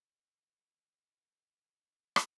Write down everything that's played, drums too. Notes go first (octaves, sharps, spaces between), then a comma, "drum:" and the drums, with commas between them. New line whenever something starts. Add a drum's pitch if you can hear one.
D5 D#5 G5
E5 F5
D4 B6
drum: rim click